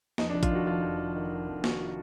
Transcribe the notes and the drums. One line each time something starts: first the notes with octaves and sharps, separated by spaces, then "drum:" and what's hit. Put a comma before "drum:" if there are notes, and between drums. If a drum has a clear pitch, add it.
F2 D#4, drum: snare
D4
F1
F4, drum: kick A1, hi-hat
D#3 F#4
F2 F4
F2
F2
D#3
D#3
F1
D#3 F#4, drum: snare